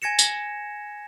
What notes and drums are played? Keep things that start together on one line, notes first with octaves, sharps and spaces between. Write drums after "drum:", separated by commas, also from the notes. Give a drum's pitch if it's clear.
G#5 G#6 A#6 C#7 E7
drum: tambourine